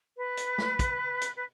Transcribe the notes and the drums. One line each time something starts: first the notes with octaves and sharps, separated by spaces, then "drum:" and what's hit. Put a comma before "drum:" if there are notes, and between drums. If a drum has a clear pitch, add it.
B4
drum: hi-hat
drum: snare
drum: kick, hi-hat
drum: hi-hat
B4